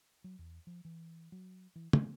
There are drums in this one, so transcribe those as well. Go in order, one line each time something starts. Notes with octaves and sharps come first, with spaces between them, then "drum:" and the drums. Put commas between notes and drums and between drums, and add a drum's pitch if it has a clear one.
F#3
E2
F3
E3
F#3
E3
B3, drum: tom